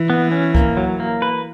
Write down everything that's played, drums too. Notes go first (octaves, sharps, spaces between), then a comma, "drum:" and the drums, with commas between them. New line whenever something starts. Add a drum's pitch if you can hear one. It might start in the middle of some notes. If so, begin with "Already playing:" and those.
Already playing: E3
B3
C#4
A#3, drum: kick C#2
F#3
A#3
B4